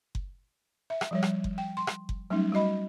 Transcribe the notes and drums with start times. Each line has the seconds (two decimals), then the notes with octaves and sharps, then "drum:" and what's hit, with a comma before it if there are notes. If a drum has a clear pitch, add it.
0.15 drum: kick F#1
0.90 E5
1.01 drum: rim click
1.11 F3 G3 C#5
1.23 drum: rim click
1.44 drum: kick F#1
1.58 G5
1.77 C6
1.87 drum: rim click
2.09 drum: kick F#1
2.30 F#3 G3 A3 C#4 D#4
2.53 G3 F#4 D#5 B5